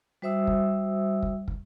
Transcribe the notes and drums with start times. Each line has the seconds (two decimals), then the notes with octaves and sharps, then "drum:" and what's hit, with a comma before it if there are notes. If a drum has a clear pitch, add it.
0.22 G3 F#4 C5 E5 D#6 E6
0.47 drum: kick
1.23 drum: kick
1.48 drum: kick